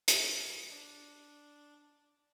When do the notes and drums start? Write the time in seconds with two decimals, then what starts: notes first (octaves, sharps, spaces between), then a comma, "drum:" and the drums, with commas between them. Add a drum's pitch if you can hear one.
0.08 A5 F6 A6, drum: hi-hat
0.72 D4